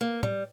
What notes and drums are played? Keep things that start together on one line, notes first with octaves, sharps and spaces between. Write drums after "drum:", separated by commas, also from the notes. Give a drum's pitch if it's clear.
A#3
G3, drum: tom